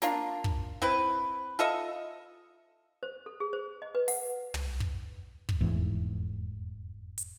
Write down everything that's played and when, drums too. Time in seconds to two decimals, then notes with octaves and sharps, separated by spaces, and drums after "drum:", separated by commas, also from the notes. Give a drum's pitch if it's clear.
0.02 A#3 D4 F4, drum: snare
0.44 drum: kick
0.82 C4 E4 B4
1.59 F4 A4 D#5 E5
3.03 C5
3.26 A4
3.40 G#4
3.53 C5
3.82 D#5
3.95 B4
4.08 F#5, drum: open hi-hat
4.54 drum: tom
4.80 drum: kick
5.49 drum: kick
5.61 F1 E2 G#2 E3
7.18 drum: hi-hat